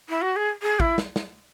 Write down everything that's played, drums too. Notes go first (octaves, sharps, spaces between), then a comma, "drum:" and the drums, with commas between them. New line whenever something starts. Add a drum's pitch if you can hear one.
E4
F#4
G#4
G#4
E4, drum: kick
drum: snare
drum: snare